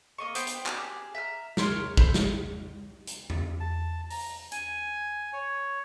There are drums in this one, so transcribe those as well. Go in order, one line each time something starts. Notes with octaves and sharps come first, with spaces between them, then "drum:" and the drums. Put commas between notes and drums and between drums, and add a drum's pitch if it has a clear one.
A#3 D#5 C#6
B3 C5 G5, drum: hi-hat
drum: hi-hat
G4 G#4 A5 D6, drum: clap
E5 A#5 F6
A#4 C#5 C6, drum: snare
E4 A4 C5, drum: kick
drum: snare
drum: hi-hat
drum: tom E2
A5
A#5, drum: open hi-hat
G#5, drum: hi-hat
C#5